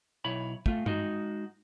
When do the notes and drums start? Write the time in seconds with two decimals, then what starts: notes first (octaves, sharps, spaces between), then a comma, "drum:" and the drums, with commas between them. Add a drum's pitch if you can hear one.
0.24 B1 E4 C#5 B5
0.66 A3 F4, drum: kick
0.86 G#3 D#4 F#4, drum: tom G2